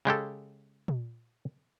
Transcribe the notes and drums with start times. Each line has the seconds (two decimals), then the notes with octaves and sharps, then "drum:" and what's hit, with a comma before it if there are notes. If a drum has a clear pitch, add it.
0.05 C#3 G#3 G4 A4
0.88 drum: tom A#2